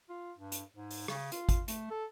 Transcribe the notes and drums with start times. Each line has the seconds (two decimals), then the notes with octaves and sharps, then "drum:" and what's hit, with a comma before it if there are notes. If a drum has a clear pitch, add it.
0.09 F4
0.39 G2
0.52 drum: hi-hat
0.76 G#2
0.91 drum: open hi-hat
1.08 C#3, drum: rim click
1.32 F4, drum: hi-hat
1.49 drum: kick G#1, hi-hat
1.68 A3, drum: hi-hat
1.91 A4